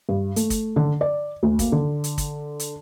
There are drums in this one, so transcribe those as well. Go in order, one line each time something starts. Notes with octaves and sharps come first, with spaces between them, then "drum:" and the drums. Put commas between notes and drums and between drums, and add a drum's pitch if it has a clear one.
G2
A3, drum: hi-hat
drum: kick, hi-hat
D3
D5
D2
A#3, drum: kick, hi-hat
D3
drum: hi-hat
drum: kick, hi-hat
drum: hi-hat